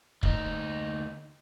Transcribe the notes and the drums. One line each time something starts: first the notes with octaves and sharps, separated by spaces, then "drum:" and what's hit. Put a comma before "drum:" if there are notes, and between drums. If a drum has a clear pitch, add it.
D2 D#4, drum: kick